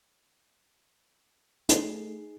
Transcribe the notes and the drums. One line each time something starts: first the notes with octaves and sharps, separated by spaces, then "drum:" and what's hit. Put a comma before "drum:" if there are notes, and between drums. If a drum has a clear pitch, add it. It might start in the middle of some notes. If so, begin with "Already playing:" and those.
A3 D#4 G#4 C7, drum: hi-hat